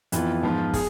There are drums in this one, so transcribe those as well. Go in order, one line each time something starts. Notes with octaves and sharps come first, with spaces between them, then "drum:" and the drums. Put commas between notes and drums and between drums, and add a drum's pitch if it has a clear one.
F2 E3 B3 F4, drum: hi-hat
G#2 F3 B3 F4
G#4, drum: kick, open hi-hat